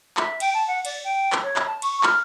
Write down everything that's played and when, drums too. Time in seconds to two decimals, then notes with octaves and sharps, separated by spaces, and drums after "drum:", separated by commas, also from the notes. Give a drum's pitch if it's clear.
0.17 E5, drum: clap
0.40 G5, drum: cymbal
0.54 A5
0.67 F#5
0.85 D5, drum: cymbal
1.04 G5
1.32 drum: clap
1.43 C#5
1.56 drum: clap
1.66 A5
1.82 C#6, drum: cymbal
2.03 F6, drum: clap